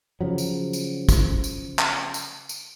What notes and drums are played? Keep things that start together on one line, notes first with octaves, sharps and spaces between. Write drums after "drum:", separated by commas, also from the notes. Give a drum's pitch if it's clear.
C#3 F3 F#3
drum: tambourine
drum: tambourine
drum: kick, tambourine
drum: tambourine
drum: clap
drum: tambourine
drum: tambourine